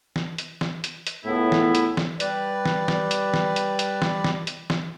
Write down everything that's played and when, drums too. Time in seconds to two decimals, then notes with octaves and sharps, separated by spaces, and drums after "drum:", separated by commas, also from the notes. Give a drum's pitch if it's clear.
0.16 drum: snare
0.38 drum: hi-hat
0.61 drum: snare
0.84 drum: hi-hat
1.07 drum: hi-hat
1.25 C#2 A2 B3 E4
1.52 drum: snare
1.75 drum: hi-hat
1.97 drum: snare
2.20 G3 B4 D5, drum: hi-hat
2.65 drum: snare
2.88 drum: snare
3.11 drum: hi-hat
3.34 drum: snare
3.56 drum: hi-hat
3.79 drum: hi-hat
4.02 drum: snare
4.24 drum: snare
4.47 drum: hi-hat
4.70 drum: snare